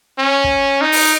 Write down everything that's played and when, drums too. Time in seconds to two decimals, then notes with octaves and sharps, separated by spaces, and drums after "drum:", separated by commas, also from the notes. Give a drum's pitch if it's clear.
0.18 C#4
0.44 drum: kick
0.81 D#4
0.92 drum: open hi-hat